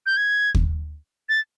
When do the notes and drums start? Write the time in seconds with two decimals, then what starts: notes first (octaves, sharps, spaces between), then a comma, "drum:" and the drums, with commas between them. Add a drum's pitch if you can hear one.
0.06 G6
0.17 G#6
0.55 drum: kick
1.29 A6